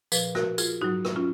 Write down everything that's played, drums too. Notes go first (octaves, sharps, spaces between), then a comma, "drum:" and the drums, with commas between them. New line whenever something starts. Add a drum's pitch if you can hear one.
A#2 F3 G#4 B4, drum: tambourine
F#4 A#4, drum: rim click
F4 G#4, drum: tambourine
G#2 F#3 D#4 F#4
drum: rim click
C#4 F4